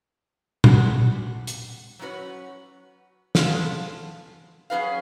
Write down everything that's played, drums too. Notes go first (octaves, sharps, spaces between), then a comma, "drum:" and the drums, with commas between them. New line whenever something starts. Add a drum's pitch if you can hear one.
D3 G#3 B3 F#4 A4, drum: tom A#2
drum: hi-hat
F#3 C#4 F#4 B4
F3 G#3 B3 F4 A4, drum: snare
F#3 C#4 G#4 B4 F5